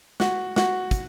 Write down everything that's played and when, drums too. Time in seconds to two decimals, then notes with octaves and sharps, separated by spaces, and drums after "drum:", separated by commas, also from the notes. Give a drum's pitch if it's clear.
0.20 F#4, drum: snare
0.56 F#4, drum: snare
0.91 drum: kick, hi-hat